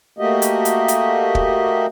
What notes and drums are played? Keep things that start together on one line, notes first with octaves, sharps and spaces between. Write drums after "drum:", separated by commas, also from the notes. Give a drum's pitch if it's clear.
A3 A#3 F#4 G4 D#5
drum: hi-hat
drum: hi-hat
drum: hi-hat
drum: kick